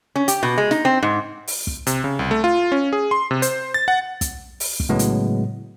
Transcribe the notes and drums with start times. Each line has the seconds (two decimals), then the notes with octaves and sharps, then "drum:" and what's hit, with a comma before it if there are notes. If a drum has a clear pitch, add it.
0.16 C#4
0.28 G4, drum: hi-hat
0.43 B2
0.58 G#3
0.71 D#4, drum: snare
0.85 C4
1.03 G#2
1.47 drum: open hi-hat
1.67 drum: kick
1.87 C3, drum: hi-hat
2.04 C#3
2.19 C2
2.31 A3
2.44 F4
2.72 C#4
2.93 G#4
3.11 C6
3.31 C3
3.42 C5, drum: hi-hat
3.74 A6
3.88 F#5
4.21 drum: kick, hi-hat
4.60 drum: open hi-hat
4.80 drum: kick
4.89 A2 C#3 F#3 G#3 B3
4.99 drum: hi-hat